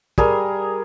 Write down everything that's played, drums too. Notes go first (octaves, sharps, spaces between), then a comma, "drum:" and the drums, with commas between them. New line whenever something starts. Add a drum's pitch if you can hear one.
G3 G#4 A#4, drum: kick